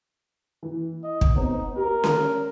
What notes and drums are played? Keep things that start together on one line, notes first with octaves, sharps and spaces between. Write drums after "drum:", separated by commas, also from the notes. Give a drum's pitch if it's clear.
E3
D#5
drum: kick
B3 C4 D#4
G4 A#4
drum: snare C#4